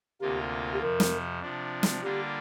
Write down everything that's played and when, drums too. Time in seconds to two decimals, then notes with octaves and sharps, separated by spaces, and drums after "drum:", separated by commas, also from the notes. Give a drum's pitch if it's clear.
0.20 D2 C3 A#3 F4 G4
0.73 G4
0.81 F2 C3 F3 A#4
1.00 drum: snare
1.41 C3 F3 D4
1.83 drum: snare
2.02 D3 G3 A#3 D4 F4 G4